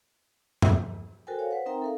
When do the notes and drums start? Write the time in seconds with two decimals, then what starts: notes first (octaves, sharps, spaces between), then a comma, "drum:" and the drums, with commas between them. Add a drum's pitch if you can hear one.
0.62 drum: tom E2
1.27 F#4 A4 A#4 C5 G5 G#5
1.39 C#5 F5
1.51 B4 C5 F#5
1.66 C4 D#4 A#4 E5 G5 A#5
1.82 A4 A#4 F5